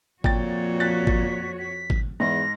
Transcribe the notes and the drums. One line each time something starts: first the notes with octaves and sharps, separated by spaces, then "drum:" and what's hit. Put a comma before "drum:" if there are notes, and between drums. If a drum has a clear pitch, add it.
F2 A#2 F#4 C#5 G5 A6, drum: kick G#1
F#6 A6 B6
drum: kick G#1
B6
drum: kick G#1
E2 G#2 A#6